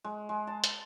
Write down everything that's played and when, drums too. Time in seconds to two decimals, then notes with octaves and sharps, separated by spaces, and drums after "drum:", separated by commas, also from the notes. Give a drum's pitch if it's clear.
0.04 G#3
0.29 G#3
0.47 A5
0.64 drum: hi-hat